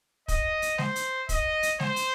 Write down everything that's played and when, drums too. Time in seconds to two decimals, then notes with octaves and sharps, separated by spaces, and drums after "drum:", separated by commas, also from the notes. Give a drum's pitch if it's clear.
0.28 D#5, drum: kick, hi-hat
0.62 drum: hi-hat
0.78 C5, drum: snare G#3
0.96 drum: hi-hat
1.29 D#5, drum: kick, hi-hat
1.63 drum: hi-hat
1.80 C5, drum: snare G#3
1.96 drum: hi-hat